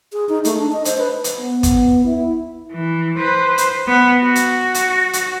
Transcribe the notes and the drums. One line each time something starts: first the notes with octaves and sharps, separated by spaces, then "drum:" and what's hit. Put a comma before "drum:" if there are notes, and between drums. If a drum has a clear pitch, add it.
G#4
D#4
A3, drum: hi-hat
D4
D#5
C5, drum: hi-hat
B4
drum: hi-hat
B3
drum: kick, hi-hat
E4
E3
B4 C5
drum: hi-hat
B3
F#4
drum: hi-hat
drum: hi-hat
drum: hi-hat